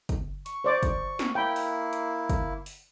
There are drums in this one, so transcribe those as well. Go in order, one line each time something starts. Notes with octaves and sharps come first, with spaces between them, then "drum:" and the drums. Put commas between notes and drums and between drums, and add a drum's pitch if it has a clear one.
drum: kick, hi-hat
C#6, drum: hi-hat
C5 D5 D6
drum: kick, hi-hat
drum: snare
A#3 E4 G5 B5
drum: open hi-hat
drum: hi-hat
drum: kick, hi-hat
drum: open hi-hat